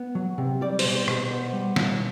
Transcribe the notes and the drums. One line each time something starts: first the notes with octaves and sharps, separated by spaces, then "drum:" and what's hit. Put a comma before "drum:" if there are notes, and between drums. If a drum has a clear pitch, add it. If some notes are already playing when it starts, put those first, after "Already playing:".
Already playing: B3
F#3
C3
G3 D5
C5, drum: open hi-hat
B2
C5
B2, drum: rim click
C5
B3 C5
G3
B2, drum: snare